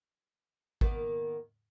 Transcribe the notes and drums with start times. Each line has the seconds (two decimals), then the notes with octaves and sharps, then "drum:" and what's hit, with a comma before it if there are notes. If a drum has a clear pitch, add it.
0.81 D#3 A#3 B3, drum: kick G#1